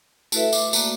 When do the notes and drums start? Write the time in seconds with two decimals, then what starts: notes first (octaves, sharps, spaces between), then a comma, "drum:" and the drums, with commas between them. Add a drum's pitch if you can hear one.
0.32 A3 E4 F#4 A4 B4 E5, drum: tambourine
0.53 D6, drum: tambourine
0.73 A3 A#3 F#4 D5, drum: tambourine